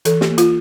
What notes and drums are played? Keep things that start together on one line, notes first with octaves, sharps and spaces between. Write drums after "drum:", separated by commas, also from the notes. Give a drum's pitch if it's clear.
E3 A4, drum: hi-hat
G4, drum: snare
A#3
F4, drum: hi-hat